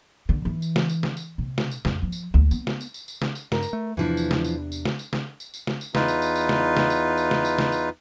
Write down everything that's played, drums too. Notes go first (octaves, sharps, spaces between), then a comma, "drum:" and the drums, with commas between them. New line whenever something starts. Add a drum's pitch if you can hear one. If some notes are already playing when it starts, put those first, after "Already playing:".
D3
E3
drum: tambourine
drum: snare
drum: tambourine
drum: snare
drum: tambourine
C3
drum: snare
drum: tambourine
F2, drum: snare
F3
drum: tambourine
D2
B3, drum: tambourine
drum: snare
drum: tambourine
drum: tambourine
drum: tambourine
drum: snare
drum: tambourine
G2 A#4, drum: snare
drum: tambourine
A3
E2 C3 E3 F3 D4 E4
drum: tambourine
drum: snare
drum: tambourine
drum: tambourine
drum: snare
drum: tambourine
drum: snare
drum: tambourine
drum: tambourine
drum: snare
drum: tambourine
E2 D#4 F4 B4, drum: snare
drum: tambourine
drum: tambourine
drum: tambourine
drum: snare
drum: snare
drum: tambourine
drum: tambourine
drum: snare
drum: tambourine
drum: snare
drum: tambourine